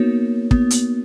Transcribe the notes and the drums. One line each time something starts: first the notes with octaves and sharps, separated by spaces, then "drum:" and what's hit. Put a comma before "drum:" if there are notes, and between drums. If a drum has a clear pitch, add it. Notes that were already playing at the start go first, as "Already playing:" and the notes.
Already playing: A#3 B3 D#4 F#4 C#5
B3, drum: kick
drum: hi-hat